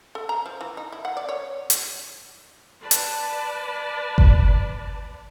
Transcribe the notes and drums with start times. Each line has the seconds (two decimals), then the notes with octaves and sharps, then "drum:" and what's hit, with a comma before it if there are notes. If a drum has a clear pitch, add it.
0.15 A4
0.29 A#5
0.46 F3
0.61 E3
0.77 D#4
0.92 E4
1.05 F#5
1.17 D5
1.29 C#5
1.70 drum: hi-hat
2.81 B4 D5 A5
2.91 drum: hi-hat
4.18 drum: kick G1